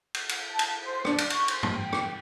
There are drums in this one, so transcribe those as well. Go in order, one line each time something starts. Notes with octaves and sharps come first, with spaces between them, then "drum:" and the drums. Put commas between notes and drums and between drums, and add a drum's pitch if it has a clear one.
drum: cymbal
drum: cymbal
A5
drum: cymbal
C5
D4, drum: rim click
drum: cymbal
C#6, drum: cymbal
C5, drum: cymbal
drum: tom
G5
drum: rim click